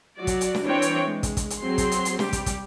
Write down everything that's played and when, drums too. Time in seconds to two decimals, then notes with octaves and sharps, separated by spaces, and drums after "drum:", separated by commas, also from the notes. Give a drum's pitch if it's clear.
0.17 F#3 F#4 D5
0.27 drum: kick, hi-hat
0.41 drum: hi-hat
0.55 drum: snare
0.64 E3 G3 C4 D4 C#5 G5
0.82 drum: hi-hat
1.03 G#3
1.23 drum: kick, hi-hat
1.37 drum: kick, hi-hat
1.50 drum: hi-hat
1.61 F#3 C4 G#4 C6
1.78 drum: kick, hi-hat
1.91 drum: hi-hat
2.05 drum: hi-hat
2.19 G3 G4, drum: snare
2.33 drum: kick, hi-hat
2.46 drum: kick, hi-hat